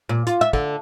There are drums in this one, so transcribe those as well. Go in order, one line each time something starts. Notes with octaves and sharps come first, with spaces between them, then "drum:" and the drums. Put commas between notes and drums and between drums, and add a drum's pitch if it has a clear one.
A#2
F4, drum: hi-hat
E5
D3, drum: kick